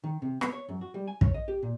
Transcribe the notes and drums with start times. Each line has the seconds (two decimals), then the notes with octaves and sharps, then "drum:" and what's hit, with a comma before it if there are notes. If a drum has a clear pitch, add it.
0.04 D#3
0.22 C3
0.41 B3, drum: rim click
0.52 C#5
0.69 F#2
0.81 F#4
0.94 G3
1.08 G#5
1.21 C#5, drum: kick
1.34 D#5
1.48 G4
1.62 A#2